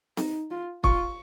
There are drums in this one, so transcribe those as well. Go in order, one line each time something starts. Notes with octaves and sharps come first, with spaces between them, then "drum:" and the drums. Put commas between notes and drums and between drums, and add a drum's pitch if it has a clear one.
D#4, drum: snare C4
F4
F4 C#6, drum: kick